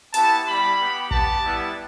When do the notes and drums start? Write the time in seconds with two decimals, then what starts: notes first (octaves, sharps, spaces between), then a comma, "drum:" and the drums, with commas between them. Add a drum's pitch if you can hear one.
0.14 B3 E4 G4 A5, drum: hi-hat
0.46 G3 E4 G4 B5
0.79 B3 G4
1.11 B3 G4 A5, drum: kick
1.44 G3 B3 E4